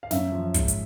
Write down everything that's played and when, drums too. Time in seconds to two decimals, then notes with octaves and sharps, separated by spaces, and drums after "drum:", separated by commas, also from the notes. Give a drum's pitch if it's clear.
0.03 F5
0.11 F#2 E5, drum: snare
0.32 F3
0.54 G#2, drum: kick, hi-hat
0.68 drum: hi-hat